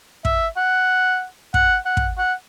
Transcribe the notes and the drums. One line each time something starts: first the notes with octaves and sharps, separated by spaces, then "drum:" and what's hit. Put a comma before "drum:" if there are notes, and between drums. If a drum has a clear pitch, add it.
E5, drum: kick
F#5
F#5, drum: kick
F#5
drum: kick
F#5